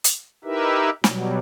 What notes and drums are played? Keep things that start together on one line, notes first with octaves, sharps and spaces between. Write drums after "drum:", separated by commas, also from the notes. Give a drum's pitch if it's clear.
drum: hi-hat
D#4 E4 G4 A#4 B4 E5
B2 F#3 G3, drum: snare